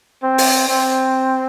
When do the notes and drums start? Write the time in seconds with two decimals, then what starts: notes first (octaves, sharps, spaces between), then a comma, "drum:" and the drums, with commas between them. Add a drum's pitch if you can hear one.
0.23 C4
0.38 drum: open hi-hat
0.69 C4